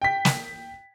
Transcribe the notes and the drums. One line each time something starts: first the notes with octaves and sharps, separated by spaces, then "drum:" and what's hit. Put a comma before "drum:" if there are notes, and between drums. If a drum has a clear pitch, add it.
G5 B6
drum: snare